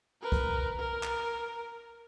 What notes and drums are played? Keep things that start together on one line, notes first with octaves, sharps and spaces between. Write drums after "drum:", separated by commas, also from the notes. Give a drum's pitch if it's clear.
A#4 B4
drum: kick
A#4
drum: clap